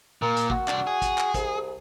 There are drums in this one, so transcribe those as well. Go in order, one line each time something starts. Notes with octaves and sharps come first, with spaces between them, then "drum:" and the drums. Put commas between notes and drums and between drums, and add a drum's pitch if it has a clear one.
A#2 A#4
drum: hi-hat
F#4, drum: kick
C2 D4, drum: clap
G#4
drum: kick, hi-hat
drum: clap
C2, drum: kick, hi-hat